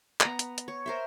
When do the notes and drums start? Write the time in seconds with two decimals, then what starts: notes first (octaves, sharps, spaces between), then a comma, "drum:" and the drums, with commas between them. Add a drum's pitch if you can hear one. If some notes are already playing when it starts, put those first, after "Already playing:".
0.21 B3 A#5, drum: clap
0.39 drum: hi-hat
0.58 drum: hi-hat
0.68 C#5
0.86 A#4 C5 E5